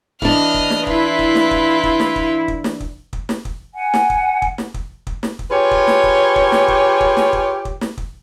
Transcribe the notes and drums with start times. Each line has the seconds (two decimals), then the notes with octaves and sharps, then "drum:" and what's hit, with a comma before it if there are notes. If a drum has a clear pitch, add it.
0.22 E3 D4 D#5 F6, drum: kick
0.54 drum: kick
0.70 drum: snare
0.87 E4 F4 B4, drum: kick
1.19 drum: kick
1.35 drum: snare
1.51 drum: kick
1.83 drum: kick
2.00 drum: snare
2.16 drum: kick
2.48 drum: kick
2.64 drum: snare
2.80 drum: kick
3.13 drum: kick
3.29 drum: snare
3.45 drum: kick
3.74 F#5 G#5
3.94 drum: snare
4.10 drum: kick
4.42 drum: kick
4.58 drum: snare
4.74 drum: kick
5.07 drum: kick
5.23 drum: snare
5.39 drum: kick
5.51 F4 G4 G#4 B4 C#5
5.71 drum: kick
5.87 drum: snare
6.04 drum: kick
6.36 drum: kick
6.52 drum: snare
6.68 drum: kick
7.01 drum: kick
7.17 drum: snare
7.33 drum: kick
7.65 drum: kick
7.81 drum: snare
7.97 drum: kick